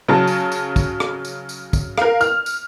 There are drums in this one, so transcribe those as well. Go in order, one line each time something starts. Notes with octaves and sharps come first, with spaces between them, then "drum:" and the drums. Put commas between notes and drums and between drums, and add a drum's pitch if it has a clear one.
C#3 F#3 A5
drum: tambourine
drum: tambourine
drum: kick, tambourine
drum: rim click
drum: tambourine
drum: tambourine
drum: kick, tambourine
A#4 F5, drum: rim click
F6, drum: tambourine
drum: tambourine